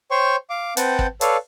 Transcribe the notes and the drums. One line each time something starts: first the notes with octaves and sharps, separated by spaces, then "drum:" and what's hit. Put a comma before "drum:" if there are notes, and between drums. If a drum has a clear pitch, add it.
C5 C#5 G5 C6 C#6
F5 D6
C4 B4 F#5 G5 A5 G6, drum: hi-hat
drum: kick
A4 B4 C#5 D5 F5 A5, drum: hi-hat